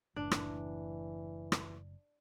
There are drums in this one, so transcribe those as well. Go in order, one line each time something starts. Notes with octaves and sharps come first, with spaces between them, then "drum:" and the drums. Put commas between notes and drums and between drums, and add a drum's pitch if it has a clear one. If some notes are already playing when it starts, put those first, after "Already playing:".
F#1 A2 E3 D4
drum: rim click
drum: rim click